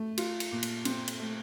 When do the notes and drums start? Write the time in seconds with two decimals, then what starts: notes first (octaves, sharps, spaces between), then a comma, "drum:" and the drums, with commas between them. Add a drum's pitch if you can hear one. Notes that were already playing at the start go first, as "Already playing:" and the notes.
Already playing: A3
0.18 F4, drum: cymbal
0.40 drum: cymbal
0.51 A#2
0.63 drum: cymbal
0.85 C4, drum: cymbal
1.08 drum: cymbal
1.19 A3